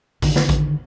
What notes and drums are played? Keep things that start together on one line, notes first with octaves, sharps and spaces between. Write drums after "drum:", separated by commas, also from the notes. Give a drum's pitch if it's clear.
D3 D#3, drum: kick A1, open hi-hat
drum: snare
drum: kick A1, hi-hat